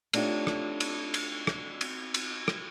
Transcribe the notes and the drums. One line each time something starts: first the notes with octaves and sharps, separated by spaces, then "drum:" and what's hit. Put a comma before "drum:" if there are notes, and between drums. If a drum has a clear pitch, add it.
A3 D4 D#4 F4 G4 C#5, drum: cymbal
drum: rim click
drum: cymbal
drum: cymbal
drum: rim click
drum: cymbal
drum: cymbal
drum: rim click